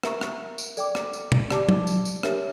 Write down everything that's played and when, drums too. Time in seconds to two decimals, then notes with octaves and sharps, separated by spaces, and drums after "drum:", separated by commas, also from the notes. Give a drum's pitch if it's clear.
0.03 A#4 E5 A#5 C#6, drum: rim click
0.21 drum: rim click
0.58 drum: tambourine
0.77 A4 D5 G5 D6, drum: tambourine
0.95 drum: rim click
1.13 drum: tambourine
1.32 drum: tom
1.50 G4 D5 A5 D6, drum: rim click
1.69 drum: tom
1.87 drum: tambourine
2.05 drum: tambourine
2.23 D4 G4 A#4 C#5 E5, drum: rim click